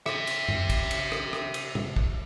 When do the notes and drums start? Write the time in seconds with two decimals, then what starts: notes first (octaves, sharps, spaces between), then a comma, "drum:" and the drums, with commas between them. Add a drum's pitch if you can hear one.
0.06 C5 E5, drum: rim click
0.27 drum: cymbal
0.48 drum: tom F#2
0.70 drum: kick, cymbal
0.91 drum: cymbal
1.12 drum: rim click
1.33 drum: rim click
1.54 drum: cymbal
1.75 drum: tom
1.96 drum: kick